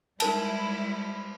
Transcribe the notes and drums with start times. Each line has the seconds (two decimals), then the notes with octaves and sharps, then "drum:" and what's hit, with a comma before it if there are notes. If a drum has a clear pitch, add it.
0.20 G3 G#3 D#4 E4 A#4 A5, drum: cymbal